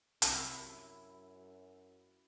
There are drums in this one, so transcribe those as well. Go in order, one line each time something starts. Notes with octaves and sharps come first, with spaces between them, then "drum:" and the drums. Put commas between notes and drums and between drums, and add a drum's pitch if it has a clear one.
C2 F#2 C3 E4 A#6, drum: hi-hat